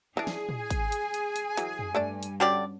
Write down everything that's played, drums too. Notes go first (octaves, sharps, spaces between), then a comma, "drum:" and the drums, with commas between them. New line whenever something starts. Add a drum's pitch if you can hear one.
E3 D4 G#4
drum: snare
drum: tom
G#5
drum: kick, hi-hat
drum: hi-hat
drum: hi-hat
drum: hi-hat
E3 F#3, drum: hi-hat
drum: tom F2
G2 A3 D4 D5
drum: hi-hat
D3 C#4 D4 F#4 G4 D5